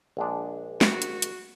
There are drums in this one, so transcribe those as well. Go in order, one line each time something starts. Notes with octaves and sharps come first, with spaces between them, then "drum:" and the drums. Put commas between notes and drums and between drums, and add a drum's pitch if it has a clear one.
A#1 G#3 D4
F#4, drum: snare
drum: hi-hat
drum: hi-hat